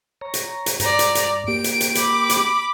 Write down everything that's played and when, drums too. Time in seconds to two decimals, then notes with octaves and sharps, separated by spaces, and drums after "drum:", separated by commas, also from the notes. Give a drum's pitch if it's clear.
0.21 C#5 A#5
0.34 drum: hi-hat
0.66 drum: hi-hat
0.80 G2 D5 A#5, drum: hi-hat
0.99 drum: hi-hat
1.15 drum: hi-hat
1.48 A#3 G4 D7
1.64 drum: hi-hat
1.81 drum: hi-hat
1.95 B5 D6, drum: hi-hat
2.30 drum: hi-hat